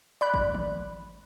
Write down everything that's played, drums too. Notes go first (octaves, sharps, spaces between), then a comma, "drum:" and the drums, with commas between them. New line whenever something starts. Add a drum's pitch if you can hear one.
D5 B5 F#6
drum: kick G#1
drum: tom D#3